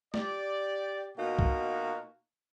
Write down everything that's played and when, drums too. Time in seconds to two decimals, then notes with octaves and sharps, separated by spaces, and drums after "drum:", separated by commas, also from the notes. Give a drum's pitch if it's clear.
0.14 G4 D5, drum: snare
1.17 B2 A#3 D#4 F4 F#4
1.39 drum: kick